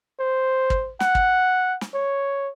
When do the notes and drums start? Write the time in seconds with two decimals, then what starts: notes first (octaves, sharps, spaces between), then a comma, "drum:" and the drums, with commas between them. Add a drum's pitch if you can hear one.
0.20 C5
0.70 drum: kick
1.00 F#5, drum: snare
1.15 drum: kick
1.81 drum: snare
1.94 C#5